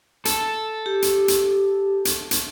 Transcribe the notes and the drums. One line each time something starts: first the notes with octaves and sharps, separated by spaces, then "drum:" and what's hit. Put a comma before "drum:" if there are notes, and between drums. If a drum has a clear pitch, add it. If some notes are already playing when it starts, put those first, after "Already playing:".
A4, drum: hi-hat
G4
drum: hi-hat
drum: hi-hat
drum: hi-hat
drum: hi-hat